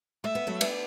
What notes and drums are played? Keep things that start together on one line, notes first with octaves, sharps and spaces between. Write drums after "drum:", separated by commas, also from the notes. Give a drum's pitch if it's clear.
A3 E5
B3
F#3 A3
B3 D4, drum: cymbal